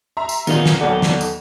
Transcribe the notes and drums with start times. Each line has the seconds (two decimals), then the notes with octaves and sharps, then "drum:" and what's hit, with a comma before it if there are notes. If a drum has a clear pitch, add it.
0.17 E5 A#5 C6
0.29 drum: tambourine
0.47 A#2 D#3 B3 D4 D#4 G#4 A#4 F5, drum: tambourine
0.66 drum: snare
0.81 D#2 F#3 A4 D5 F#5
1.02 drum: snare
1.21 drum: tambourine